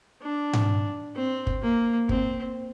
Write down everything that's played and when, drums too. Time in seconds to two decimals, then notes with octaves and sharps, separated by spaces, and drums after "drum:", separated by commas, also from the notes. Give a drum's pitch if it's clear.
0.23 D4
0.53 drum: tom G#2
1.16 C4
1.47 drum: kick
1.63 A#3
2.09 C4, drum: kick